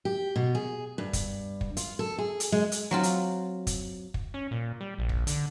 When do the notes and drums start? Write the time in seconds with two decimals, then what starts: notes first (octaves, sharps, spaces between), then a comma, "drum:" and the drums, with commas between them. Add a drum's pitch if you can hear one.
0.05 G4
0.36 B2
0.55 G#4
0.98 G2
1.13 drum: kick, hi-hat
1.61 drum: kick
1.77 F4, drum: hi-hat
1.99 A4
2.18 G#4
2.40 drum: hi-hat
2.52 G#3
2.72 drum: hi-hat
2.91 F#3 C4 F4
3.03 drum: hi-hat
3.67 drum: kick, hi-hat
4.14 drum: kick
4.34 C#4
4.51 A#2
4.81 G3
4.98 A#1
5.09 drum: kick
5.27 D3, drum: hi-hat